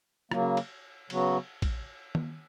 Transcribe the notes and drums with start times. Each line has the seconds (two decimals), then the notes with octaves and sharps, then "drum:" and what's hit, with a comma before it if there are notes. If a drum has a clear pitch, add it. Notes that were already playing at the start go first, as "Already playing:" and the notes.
0.31 C#3 F#3 A#3, drum: rim click
0.57 drum: cymbal
1.10 C#3 F#3 B3 F#4, drum: cymbal
1.62 drum: kick A#1, cymbal
2.15 drum: tom